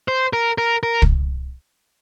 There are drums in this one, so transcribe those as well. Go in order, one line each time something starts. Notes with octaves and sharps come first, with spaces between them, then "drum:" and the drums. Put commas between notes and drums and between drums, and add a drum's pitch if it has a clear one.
C5
A#4
A#4
A#4
drum: kick